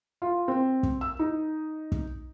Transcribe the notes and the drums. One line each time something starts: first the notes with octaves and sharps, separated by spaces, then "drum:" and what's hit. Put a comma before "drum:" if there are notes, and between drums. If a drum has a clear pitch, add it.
F4
C4
drum: kick
E6
D#4
drum: kick